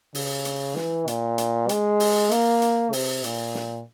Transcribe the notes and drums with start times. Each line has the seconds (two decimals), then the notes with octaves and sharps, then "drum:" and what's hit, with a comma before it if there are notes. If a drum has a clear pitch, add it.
0.15 C#3, drum: open hi-hat
0.45 drum: hi-hat
0.76 E3, drum: snare
1.08 A#2, drum: hi-hat
1.38 drum: hi-hat
1.69 G#3, drum: hi-hat
2.00 drum: open hi-hat
2.31 A#3, drum: hi-hat
2.62 drum: hi-hat
2.93 C3, drum: open hi-hat
3.24 A#2, drum: hi-hat
3.55 drum: snare